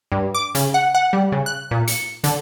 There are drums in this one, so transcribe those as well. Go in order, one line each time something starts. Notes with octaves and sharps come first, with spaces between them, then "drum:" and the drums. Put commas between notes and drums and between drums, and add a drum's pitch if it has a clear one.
G2
D6
C#3, drum: hi-hat
F#5
F#5
G3
C#3
F#6
A#2
C#7, drum: hi-hat
D3, drum: hi-hat